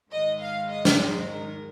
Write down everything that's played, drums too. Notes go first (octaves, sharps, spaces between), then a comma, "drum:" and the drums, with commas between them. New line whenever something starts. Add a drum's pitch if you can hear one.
G#2 D#3 G#3 D#5
F5
D#5
drum: snare
C5
A#4